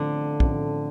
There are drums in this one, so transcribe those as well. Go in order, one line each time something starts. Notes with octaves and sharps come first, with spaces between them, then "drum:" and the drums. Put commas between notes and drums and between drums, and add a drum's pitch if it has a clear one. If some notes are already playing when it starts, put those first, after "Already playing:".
Already playing: A1 A2 D3 F3 A3 C4
A1 A2 F3 A3 C4, drum: kick